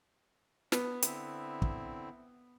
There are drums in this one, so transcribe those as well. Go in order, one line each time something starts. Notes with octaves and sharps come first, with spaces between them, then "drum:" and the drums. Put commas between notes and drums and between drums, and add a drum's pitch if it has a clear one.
B3 D4, drum: snare
D3 C4 E4, drum: hi-hat
drum: kick